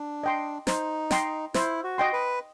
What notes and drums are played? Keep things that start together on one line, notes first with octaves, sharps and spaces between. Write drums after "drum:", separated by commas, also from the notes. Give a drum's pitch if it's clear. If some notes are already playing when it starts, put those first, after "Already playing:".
Already playing: D4
D#5 G5 C6
D#4 C5, drum: snare
D#5 G5 C6, drum: snare
E4 C5, drum: snare
F#4
D#5 G5 C6
B4